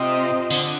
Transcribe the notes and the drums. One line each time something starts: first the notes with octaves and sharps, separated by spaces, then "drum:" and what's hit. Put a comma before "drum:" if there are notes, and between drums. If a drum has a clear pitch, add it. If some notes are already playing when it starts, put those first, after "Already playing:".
Already playing: C3 C4 F4 C5 D#5
D3, drum: tambourine